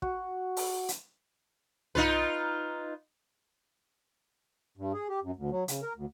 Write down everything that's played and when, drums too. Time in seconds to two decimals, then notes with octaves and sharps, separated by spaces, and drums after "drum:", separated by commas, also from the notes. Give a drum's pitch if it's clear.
0.02 F#4, drum: kick
0.57 drum: open hi-hat
0.88 drum: hi-hat
1.95 D#4 F4 B4, drum: tom
4.77 G2
4.93 G#4
5.09 G4
5.23 F#2
5.36 D2
5.51 F#3
5.68 C#3, drum: hi-hat
5.82 A#4
5.95 D2